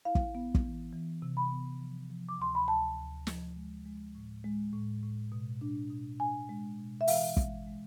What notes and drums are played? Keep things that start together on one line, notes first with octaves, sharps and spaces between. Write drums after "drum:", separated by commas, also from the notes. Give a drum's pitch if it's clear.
E4 F5
drum: kick
B3
drum: kick
E3
E3
C3
B5
B3
F3
F3
D6
D2 C6
B5
D2 A5
D2
F3, drum: snare
G#3
G#3
A2
G#3
A2
A2
B2
D4
B2
D4 G#5
G#3
B2
E5
E3 F5, drum: open hi-hat
G#3, drum: kick
G#3